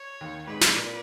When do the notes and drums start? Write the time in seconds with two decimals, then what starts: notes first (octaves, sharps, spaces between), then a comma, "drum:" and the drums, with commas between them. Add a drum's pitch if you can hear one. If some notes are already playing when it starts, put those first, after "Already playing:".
Already playing: C#5
0.21 D#2 D#3
0.47 G#2 G#3 B4
0.61 drum: snare
0.74 A#2 A#3